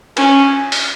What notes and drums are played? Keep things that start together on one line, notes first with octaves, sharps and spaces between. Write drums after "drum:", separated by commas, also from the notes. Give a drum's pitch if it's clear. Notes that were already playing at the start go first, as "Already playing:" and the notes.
C#4, drum: cymbal
drum: open hi-hat